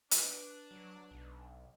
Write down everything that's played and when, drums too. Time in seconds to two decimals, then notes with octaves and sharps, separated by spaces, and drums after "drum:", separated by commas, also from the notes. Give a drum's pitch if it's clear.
0.11 D4 B4, drum: hi-hat
0.71 F#3
1.11 B1